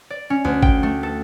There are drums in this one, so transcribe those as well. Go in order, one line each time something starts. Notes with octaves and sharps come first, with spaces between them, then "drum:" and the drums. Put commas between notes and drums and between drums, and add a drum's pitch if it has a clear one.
D5
C#4
D2
G5, drum: kick
A3
A4